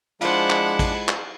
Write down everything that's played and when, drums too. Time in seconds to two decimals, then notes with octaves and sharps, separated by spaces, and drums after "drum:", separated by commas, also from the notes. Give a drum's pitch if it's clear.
0.21 F3 G#3 D4 E4 F4 C5 F#5, drum: cymbal
0.50 drum: clap
0.79 drum: kick, cymbal
1.09 drum: clap